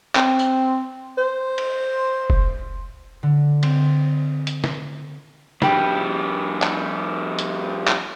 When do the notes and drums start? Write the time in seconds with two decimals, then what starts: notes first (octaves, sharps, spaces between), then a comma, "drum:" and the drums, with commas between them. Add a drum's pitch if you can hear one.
0.15 C4, drum: clap
0.39 drum: tambourine
1.18 C5
1.58 drum: cymbal
2.30 drum: kick F1
3.23 D3
3.63 C4, drum: cymbal
4.47 drum: hi-hat
4.64 drum: snare
5.62 F2 G3 D4 G4 B5, drum: snare
6.62 drum: clap
7.39 drum: hi-hat
7.88 drum: clap